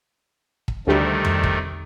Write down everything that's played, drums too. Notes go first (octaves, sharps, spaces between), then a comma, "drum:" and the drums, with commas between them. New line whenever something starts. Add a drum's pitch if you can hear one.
drum: kick
D2 C3 D#3 G3 A3
drum: tom F2
drum: kick